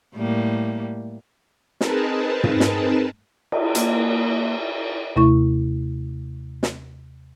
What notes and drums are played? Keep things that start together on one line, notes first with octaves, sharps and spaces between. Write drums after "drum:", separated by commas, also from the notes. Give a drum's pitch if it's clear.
A2 G3 A#3
C4 D#4 G#4 A#4 B4 A5, drum: snare
drum: tom
drum: snare
drum: cymbal
A#3, drum: hi-hat
D#2 C3 A3 E4 C#6
drum: snare